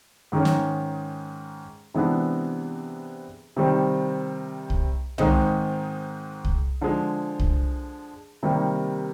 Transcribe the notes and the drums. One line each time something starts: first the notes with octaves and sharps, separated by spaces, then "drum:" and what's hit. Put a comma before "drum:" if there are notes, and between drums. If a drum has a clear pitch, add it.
G#2 D#3 G#3 C#4
drum: snare
C3 E3 G#3 B3 D4
C3 D#3 G3 C4
drum: kick C2
G#2 D#3 G#3 C4 D#4, drum: tom
drum: kick C2
D3 F3 G#3
drum: kick C2
C3 D#3 G3 A#3